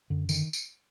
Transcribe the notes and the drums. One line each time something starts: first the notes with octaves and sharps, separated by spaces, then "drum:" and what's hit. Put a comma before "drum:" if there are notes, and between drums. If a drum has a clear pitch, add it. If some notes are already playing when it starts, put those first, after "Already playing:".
F#2 D3
D3 D#3, drum: tambourine
drum: tambourine